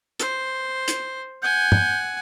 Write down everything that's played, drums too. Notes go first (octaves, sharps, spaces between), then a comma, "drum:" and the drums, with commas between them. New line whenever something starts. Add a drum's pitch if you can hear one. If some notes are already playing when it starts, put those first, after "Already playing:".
C5, drum: hi-hat
drum: hi-hat
F#5 G#5 G6
drum: tom